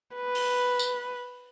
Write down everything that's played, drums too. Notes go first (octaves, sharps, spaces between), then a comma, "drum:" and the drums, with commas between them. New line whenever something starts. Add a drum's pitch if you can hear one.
B4
drum: open hi-hat
drum: tambourine